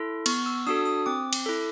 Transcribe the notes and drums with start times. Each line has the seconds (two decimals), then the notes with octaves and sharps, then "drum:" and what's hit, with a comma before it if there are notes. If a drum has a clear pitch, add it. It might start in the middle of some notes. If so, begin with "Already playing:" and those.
Already playing: E4 A4 C6
0.26 B3 C#6, drum: cymbal
0.46 E6
0.67 D4 F#4 A4 D#6
0.86 D#6
1.06 C4 D6
1.33 drum: cymbal
1.46 E4 A4